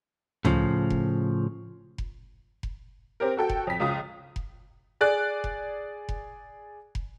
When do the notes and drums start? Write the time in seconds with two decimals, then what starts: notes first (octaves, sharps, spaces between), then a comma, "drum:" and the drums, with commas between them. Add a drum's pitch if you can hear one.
0.45 A2 C#3 F3, drum: tom
0.90 drum: kick F1
1.98 drum: kick F1
2.63 drum: kick F1
3.20 C4 G4 A#4
3.37 F#4 A4 G5
3.49 drum: kick F1
3.67 F2 B6
3.80 C#2 F4 D#6
4.36 drum: kick F1
5.01 G#4 D5 F#6
5.44 drum: kick F1
6.09 drum: kick F1
6.95 drum: kick F1